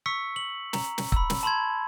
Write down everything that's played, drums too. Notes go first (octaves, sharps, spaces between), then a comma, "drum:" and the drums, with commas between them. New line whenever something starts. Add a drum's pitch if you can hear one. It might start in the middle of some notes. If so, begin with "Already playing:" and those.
C#6 E6 B6 C#7
F#7
A#5, drum: snare
drum: snare
B5 E6, drum: kick
drum: snare
A5 B5 C6 G#6